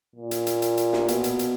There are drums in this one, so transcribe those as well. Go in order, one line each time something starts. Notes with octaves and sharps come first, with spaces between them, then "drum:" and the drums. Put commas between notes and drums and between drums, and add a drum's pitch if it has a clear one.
A#2
drum: hi-hat
drum: hi-hat
drum: hi-hat
drum: hi-hat
drum: snare
B2, drum: hi-hat
drum: hi-hat
drum: hi-hat